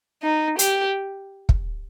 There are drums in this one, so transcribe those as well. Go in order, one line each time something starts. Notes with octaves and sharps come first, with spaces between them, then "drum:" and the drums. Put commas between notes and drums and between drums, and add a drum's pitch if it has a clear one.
D#4
G4, drum: hi-hat
drum: kick